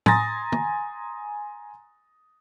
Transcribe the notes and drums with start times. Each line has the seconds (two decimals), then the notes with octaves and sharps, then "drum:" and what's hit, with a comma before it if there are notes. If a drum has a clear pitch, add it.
0.06 G#5 A#5 C6 D#6 A6 A#6, drum: tom
0.52 drum: tom